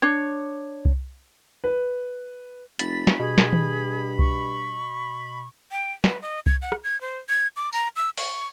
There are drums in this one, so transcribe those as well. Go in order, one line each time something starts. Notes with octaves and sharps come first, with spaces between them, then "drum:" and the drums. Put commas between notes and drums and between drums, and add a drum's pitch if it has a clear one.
D4 C#5
drum: kick C2
B4
F1 B5 A6, drum: hi-hat
drum: snare
G2 B2 G#4
drum: snare
drum: tom D#3
C#6, drum: kick C2
G5
B4, drum: snare
D#5
G#6, drum: kick C2
F#5
drum: rim click
G#6
C5
G#6
D6
A#5, drum: tambourine
E6
C#6, drum: open hi-hat